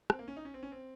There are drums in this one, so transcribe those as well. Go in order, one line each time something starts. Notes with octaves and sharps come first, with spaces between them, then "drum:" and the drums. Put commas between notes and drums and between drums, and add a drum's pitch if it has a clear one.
C4, drum: rim click
A#3
C#4
D#4
C#4
C4
C#4
C4